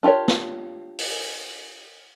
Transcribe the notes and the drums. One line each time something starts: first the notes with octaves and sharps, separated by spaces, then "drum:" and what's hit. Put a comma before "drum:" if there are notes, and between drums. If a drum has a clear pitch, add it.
D4 F4 G4 A#4 C#5
drum: snare
drum: open hi-hat